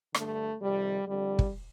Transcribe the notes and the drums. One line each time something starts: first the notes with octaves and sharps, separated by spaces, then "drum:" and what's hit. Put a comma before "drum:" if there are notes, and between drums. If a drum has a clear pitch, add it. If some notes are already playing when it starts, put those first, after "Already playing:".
G2 D3 A3, drum: rim click
F2 C3 D#3 G3
F2 D3 G3
drum: kick